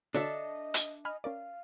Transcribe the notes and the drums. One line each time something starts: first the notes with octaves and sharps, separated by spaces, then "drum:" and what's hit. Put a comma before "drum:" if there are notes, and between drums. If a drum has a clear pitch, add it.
D3 D4 F#4 A4 C#5 D#5 E5
drum: hi-hat
D#5 G#5 B5 F6
C#4 A#4 D5 F5